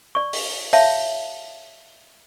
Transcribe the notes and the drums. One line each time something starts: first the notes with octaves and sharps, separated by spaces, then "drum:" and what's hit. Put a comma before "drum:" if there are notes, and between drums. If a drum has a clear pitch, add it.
D5 C#6
drum: open hi-hat
C#5 E5 F5 A5, drum: open hi-hat